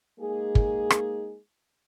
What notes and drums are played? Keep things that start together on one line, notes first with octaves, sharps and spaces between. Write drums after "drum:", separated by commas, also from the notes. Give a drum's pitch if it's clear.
G#3 A#3 D#4 G#4
drum: kick
drum: rim click